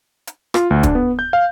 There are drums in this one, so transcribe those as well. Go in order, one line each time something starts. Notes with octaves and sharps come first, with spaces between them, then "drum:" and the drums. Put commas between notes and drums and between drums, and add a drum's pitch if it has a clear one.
drum: hi-hat
F4, drum: rim click
D2
D4, drum: kick, hi-hat
B3
G6
F5